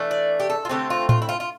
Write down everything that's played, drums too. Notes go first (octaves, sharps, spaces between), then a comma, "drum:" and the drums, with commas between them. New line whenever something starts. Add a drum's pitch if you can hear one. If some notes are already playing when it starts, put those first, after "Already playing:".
Already playing: E3 A3 D4
D5
G4
A4
F4
D3 A3 C4 G4
F4
F4, drum: tom A2
E4
F4
F4